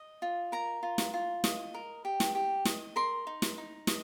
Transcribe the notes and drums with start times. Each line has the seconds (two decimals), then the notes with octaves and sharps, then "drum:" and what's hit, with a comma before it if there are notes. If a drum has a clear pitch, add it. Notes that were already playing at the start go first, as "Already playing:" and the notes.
Already playing: D#5
0.22 F4
0.52 A#4 A#5
0.83 F4
0.98 drum: snare
1.14 F4
1.44 D#5, drum: snare
1.74 A#4
2.05 G4
2.20 drum: snare
2.35 G4
2.65 D#5, drum: snare
2.96 A#4 C6
3.27 D#4
3.42 drum: snare
3.58 D#4
3.87 D#5, drum: snare